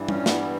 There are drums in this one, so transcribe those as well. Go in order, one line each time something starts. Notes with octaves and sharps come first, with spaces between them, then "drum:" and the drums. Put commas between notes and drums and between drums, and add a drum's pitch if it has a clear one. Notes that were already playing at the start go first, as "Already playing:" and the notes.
Already playing: G2 E3 G3
C#4, drum: tom G3
B3, drum: snare